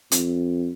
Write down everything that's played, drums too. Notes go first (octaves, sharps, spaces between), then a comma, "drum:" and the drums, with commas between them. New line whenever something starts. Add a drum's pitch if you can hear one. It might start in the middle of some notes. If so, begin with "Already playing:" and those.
F2, drum: hi-hat